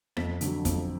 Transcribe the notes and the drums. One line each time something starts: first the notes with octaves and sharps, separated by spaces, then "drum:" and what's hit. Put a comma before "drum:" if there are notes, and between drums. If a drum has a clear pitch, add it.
F2 B6, drum: rim click
D3 F#3, drum: hi-hat
F2, drum: kick, hi-hat